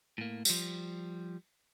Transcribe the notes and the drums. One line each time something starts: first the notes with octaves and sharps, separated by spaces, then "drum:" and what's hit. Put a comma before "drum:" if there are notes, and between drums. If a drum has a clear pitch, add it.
A2 A#3
F3 G3, drum: tambourine